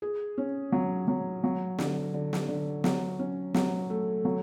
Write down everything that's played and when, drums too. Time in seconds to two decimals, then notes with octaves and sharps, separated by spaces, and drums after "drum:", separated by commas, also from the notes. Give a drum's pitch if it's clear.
0.02 G#4
0.38 C#4
0.72 F#3
1.08 F#3
1.44 F#3
1.79 D3, drum: snare
2.14 D3
2.33 drum: snare
2.48 D3
2.84 F#3, drum: snare
3.19 C#4
3.54 F#3, drum: snare
3.90 A3
4.25 F#3